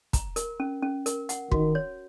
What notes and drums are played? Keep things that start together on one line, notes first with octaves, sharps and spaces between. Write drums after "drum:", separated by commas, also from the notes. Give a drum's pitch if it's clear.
A#5, drum: kick, hi-hat
A#4, drum: hi-hat
C#4
C#4
A#4, drum: hi-hat
F#5, drum: hi-hat
D#3 F#4, drum: kick
C#5